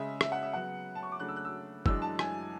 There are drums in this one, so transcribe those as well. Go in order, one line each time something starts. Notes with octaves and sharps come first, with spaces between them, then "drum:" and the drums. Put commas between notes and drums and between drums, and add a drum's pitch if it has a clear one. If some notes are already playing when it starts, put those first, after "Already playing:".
Already playing: C#3 G#3 C#4 E5
E5, drum: rim click
F#5
E5
C#3 F#3 B3 F#5
A5
C#6
D6
C#3 F#3 A3 D4 F#6
E6
F#6
E6
F#2 E3 G#3 D4 E6, drum: kick
A5
G#5, drum: rim click